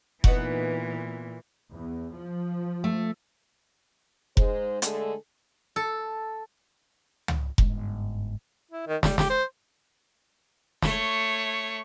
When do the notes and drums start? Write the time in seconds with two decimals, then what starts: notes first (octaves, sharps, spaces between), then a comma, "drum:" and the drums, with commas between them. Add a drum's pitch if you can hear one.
0.24 A#2 E3 B3 D#4 F#4, drum: kick F1
1.72 E2
2.14 F3
2.84 A3
4.37 G#2 G#3 C5, drum: kick F1
4.82 D3 G#3 A3 D4 G#4 A4, drum: hi-hat
5.76 A4
7.28 drum: tom
7.58 G1 G#2, drum: kick F1
8.71 E4
8.87 D#3
9.03 G3, drum: snare
9.18 G4, drum: snare
9.30 C5
10.82 A3 C#5, drum: snare